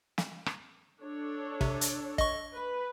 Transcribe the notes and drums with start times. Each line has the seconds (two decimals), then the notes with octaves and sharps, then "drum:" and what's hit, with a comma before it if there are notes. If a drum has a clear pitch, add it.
0.18 drum: snare
0.46 drum: rim click
1.02 D4 A4 C#5
1.61 C3, drum: kick
1.81 drum: hi-hat
2.18 D#5 C#6, drum: kick
2.54 B4